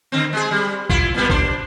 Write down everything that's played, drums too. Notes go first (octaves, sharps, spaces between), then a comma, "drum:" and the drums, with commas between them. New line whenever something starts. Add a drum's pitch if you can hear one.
D3 C4
G#3 G#4
G3
E4 F4, drum: kick A1
A#2 G3 B3
D4 C5, drum: kick A1